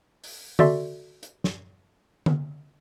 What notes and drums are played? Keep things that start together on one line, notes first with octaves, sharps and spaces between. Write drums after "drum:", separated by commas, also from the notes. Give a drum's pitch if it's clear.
drum: open hi-hat
F#4 A4 D5 E5 C6, drum: tom D3
drum: hi-hat
drum: snare
drum: tom D3